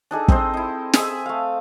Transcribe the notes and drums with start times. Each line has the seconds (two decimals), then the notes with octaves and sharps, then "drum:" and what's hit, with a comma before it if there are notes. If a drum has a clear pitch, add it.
0.11 D4 D#4 G#4 A4
0.28 C4 D#4 C5, drum: kick
0.54 D#4 E4
0.93 G#4 D#5 E5, drum: snare
1.26 A3 F5